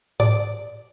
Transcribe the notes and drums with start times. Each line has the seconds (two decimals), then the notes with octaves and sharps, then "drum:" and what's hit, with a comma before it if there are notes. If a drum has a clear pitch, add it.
0.20 D5, drum: tom G#2